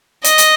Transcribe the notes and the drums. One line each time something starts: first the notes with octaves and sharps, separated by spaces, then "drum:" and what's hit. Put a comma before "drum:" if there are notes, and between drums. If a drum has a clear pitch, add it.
D#5, drum: hi-hat
drum: hi-hat